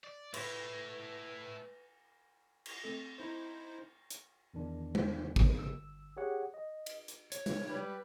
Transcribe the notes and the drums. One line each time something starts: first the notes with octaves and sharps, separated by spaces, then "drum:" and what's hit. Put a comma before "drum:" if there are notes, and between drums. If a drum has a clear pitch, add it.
D5
A3 E4 B4, drum: cymbal
drum: cymbal
A3 C4 A4
D#4 E4 C5
drum: hi-hat
E2 D#3 D4
drum: tom G#3
drum: kick
G1 E6
G4 G#4 C#5 F#5
D#5
drum: cymbal
drum: hi-hat
C#5, drum: hi-hat
drum: tom G#3
G3 B4